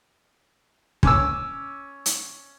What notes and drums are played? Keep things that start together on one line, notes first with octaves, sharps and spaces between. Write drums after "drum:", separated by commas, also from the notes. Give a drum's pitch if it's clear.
C#4 D6 E6, drum: kick
drum: hi-hat